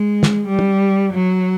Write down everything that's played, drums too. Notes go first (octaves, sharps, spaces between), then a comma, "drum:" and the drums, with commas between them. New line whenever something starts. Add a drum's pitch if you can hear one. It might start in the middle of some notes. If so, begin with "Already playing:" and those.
Already playing: G#3
drum: snare
G3
drum: tom
F#3